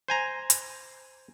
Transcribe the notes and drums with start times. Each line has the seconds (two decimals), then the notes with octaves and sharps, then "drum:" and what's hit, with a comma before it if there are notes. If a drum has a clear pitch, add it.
0.08 C5 G#5 A#5
0.50 drum: hi-hat